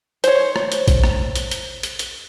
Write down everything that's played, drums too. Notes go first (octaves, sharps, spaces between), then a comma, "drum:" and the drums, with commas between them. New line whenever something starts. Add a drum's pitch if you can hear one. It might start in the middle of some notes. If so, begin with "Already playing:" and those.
C5 C#5, drum: hi-hat
drum: rim click
drum: hi-hat
drum: kick A#1, hi-hat
drum: rim click
drum: hi-hat
drum: hi-hat
drum: hi-hat
drum: hi-hat